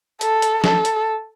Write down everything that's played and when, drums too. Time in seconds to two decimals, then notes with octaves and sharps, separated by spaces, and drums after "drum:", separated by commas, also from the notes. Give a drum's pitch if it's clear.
0.21 A4, drum: hi-hat
0.42 drum: hi-hat
0.64 A4, drum: snare
0.85 drum: hi-hat